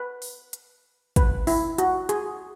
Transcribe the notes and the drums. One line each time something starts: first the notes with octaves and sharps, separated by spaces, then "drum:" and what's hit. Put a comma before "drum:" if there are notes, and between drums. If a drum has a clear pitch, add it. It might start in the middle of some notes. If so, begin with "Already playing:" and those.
Already playing: B4
drum: open hi-hat
drum: hi-hat
B4, drum: kick, hi-hat
E4, drum: open hi-hat
F#4, drum: hi-hat
G#4, drum: hi-hat